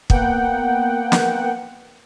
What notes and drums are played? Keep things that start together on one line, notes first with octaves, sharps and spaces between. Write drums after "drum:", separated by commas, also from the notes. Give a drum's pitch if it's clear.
A#3 B3 F#5 G5, drum: kick
drum: snare